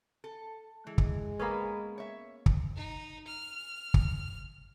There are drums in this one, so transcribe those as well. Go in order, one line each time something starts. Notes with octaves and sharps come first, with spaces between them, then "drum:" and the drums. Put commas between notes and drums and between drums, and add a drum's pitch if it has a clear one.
A4
E3 G#3
drum: kick
A#3 B3 C#4 B4
C#5 E5
drum: kick
D#4
F6
drum: kick